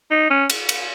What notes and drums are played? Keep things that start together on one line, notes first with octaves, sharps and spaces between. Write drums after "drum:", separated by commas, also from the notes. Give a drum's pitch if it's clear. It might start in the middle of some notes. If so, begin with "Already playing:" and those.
D#4
C#4
drum: cymbal
drum: cymbal